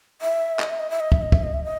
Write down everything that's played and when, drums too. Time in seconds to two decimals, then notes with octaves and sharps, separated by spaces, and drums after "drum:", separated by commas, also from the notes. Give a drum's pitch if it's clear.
0.22 E5
0.59 D#5, drum: clap
0.70 E5
0.80 D#5
0.90 E5
1.00 D#5
1.12 E5, drum: kick
1.22 D#5
1.32 E5, drum: kick
1.43 D#5
1.54 E5
1.64 D#5